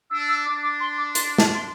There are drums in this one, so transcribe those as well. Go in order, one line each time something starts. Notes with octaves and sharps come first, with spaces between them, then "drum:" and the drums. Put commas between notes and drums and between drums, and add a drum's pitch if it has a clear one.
D4 E6
E6
D4 D6
D6
C6
D6
C6, drum: hi-hat
A5, drum: snare
C6